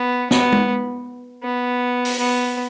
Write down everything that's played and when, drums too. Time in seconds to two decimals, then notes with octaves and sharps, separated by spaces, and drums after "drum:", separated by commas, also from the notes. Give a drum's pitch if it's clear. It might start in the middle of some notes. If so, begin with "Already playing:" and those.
Already playing: B3
0.31 B3, drum: snare
0.52 drum: tom G#3
1.43 B3
2.05 drum: open hi-hat
2.19 B3